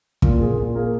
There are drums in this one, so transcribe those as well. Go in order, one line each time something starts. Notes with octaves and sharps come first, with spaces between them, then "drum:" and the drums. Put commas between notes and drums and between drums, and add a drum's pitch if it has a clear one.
A#2, drum: kick
A#3 G#4
A#2
A#3 G#4